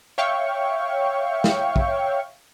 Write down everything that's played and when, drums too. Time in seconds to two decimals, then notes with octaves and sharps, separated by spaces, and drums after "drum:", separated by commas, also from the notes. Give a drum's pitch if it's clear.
0.18 C#5 E5 F5 G5 C#6
1.44 drum: snare
1.76 drum: kick